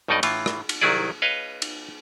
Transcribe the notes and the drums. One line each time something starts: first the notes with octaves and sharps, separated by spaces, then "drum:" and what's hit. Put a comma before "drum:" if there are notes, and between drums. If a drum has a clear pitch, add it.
B1 G2 B2 D#4 D5 D#5
A2 E3 F4, drum: cymbal
drum: rim click
drum: cymbal
C2 D#3 F#3 E4 G#4 D5
B4 C#5 D#5 F5
drum: cymbal